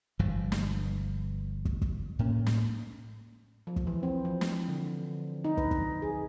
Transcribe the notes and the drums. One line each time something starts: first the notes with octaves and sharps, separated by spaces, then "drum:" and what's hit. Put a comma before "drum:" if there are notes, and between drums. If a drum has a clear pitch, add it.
G1 G2 E3 F3
drum: snare
drum: kick
drum: kick
A2 A#3 C#4
drum: snare
F3
drum: kick
E3
C4
F3
drum: snare
D3
D#4
B4, drum: kick
drum: kick
G#4